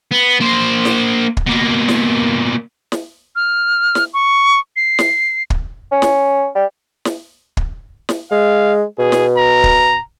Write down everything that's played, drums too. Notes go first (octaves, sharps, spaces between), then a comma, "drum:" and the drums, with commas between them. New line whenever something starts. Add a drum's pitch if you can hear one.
B3
A#3 C5
drum: snare
drum: kick
B2 A#3
drum: snare
drum: snare
F6
drum: snare
C#6
C7
drum: snare
drum: kick
C#4
drum: snare
G3
drum: snare
drum: kick
drum: snare
G#3 F5
B2 G#4
drum: snare
A#5
drum: kick